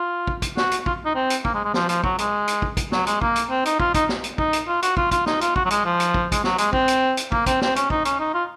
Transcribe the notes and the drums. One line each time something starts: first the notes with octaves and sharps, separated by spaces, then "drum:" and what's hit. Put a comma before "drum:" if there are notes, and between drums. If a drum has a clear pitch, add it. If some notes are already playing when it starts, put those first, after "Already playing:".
Already playing: F4
drum: kick
drum: kick, hi-hat
F#4, drum: snare
drum: hi-hat
F4, drum: kick
D#4
C4
drum: hi-hat
A#3, drum: kick
G#3
G#3
F3, drum: snare
F3, drum: hi-hat
F#3, drum: kick
G#3, drum: hi-hat
drum: hi-hat
drum: kick
drum: kick, hi-hat
F#3, drum: snare
G#3, drum: hi-hat
A#3, drum: kick
drum: hi-hat
C4
D#4, drum: hi-hat
F4, drum: kick
D#4, drum: kick, hi-hat
drum: snare
drum: hi-hat
D#4, drum: kick
drum: hi-hat
F4
F#4, drum: hi-hat
F4, drum: kick
F4, drum: kick, hi-hat
D#4, drum: snare
F4, drum: hi-hat
F#4, drum: kick
F#3
G#3, drum: hi-hat
F3
drum: hi-hat
drum: kick
G#3, drum: kick, hi-hat
F#3, drum: snare
G#3, drum: hi-hat
C4, drum: kick
drum: hi-hat
drum: hi-hat
A#3, drum: kick
C4, drum: kick, hi-hat
C4, drum: snare
C#4, drum: hi-hat
D#4, drum: kick
C#4, drum: hi-hat
D#4
F4